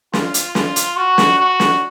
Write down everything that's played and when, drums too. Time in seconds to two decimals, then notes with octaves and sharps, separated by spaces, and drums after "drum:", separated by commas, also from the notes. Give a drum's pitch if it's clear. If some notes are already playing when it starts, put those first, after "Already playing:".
0.13 F4, drum: snare
0.34 drum: hi-hat
0.55 drum: snare
0.76 drum: hi-hat
0.96 F#4
1.18 drum: snare
1.38 F#4
1.60 drum: snare